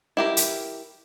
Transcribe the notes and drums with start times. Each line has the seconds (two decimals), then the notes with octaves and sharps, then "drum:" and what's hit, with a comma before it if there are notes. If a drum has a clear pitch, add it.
0.17 E4 G4 A#4
0.37 drum: hi-hat